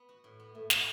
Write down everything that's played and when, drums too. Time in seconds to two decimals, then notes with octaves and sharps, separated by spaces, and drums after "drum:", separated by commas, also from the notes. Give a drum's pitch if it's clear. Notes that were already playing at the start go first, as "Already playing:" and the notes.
Already playing: B3
0.09 F#4
0.24 A2
0.40 B3
0.54 A2 A3
0.70 F#4, drum: snare